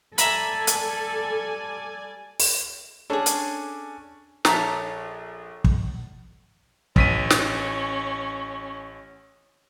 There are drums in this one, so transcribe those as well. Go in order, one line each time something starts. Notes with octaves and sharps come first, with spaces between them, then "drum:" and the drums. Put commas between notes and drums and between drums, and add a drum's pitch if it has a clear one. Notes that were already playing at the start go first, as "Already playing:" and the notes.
G3 A4 D5 E5 G#5 A#5 B5, drum: hi-hat
drum: hi-hat
drum: open hi-hat
C#4 D4 G#4 A4
drum: hi-hat
A#1 A4 C#5 E5 A#5 C#6, drum: snare
drum: kick
A1 C#4 B6 D#7, drum: kick
drum: snare